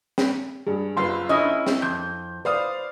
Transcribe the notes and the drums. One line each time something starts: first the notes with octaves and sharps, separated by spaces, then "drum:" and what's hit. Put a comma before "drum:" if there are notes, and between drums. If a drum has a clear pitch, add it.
drum: snare
G2 G#4
F#1 F4 B4 C6
C#4 E4 D#5
drum: snare
F2 G6
B4 C5 D5 F5 D#6